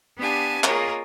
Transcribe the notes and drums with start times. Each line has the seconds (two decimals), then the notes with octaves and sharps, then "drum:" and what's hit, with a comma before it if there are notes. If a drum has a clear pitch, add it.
0.18 B3 D4 G4 F5 G#5 A5
0.64 A#3 F4 G#4 A#4 C#5 D#5, drum: clap